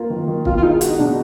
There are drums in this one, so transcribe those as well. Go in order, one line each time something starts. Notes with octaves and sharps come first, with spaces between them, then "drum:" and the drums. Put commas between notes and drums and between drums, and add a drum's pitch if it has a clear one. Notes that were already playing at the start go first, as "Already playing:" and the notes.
Already playing: A#3 F4
D#3
D#3
B2 F4, drum: kick
F4
G#3 D#4
F#4, drum: hi-hat
D#4
B2 D4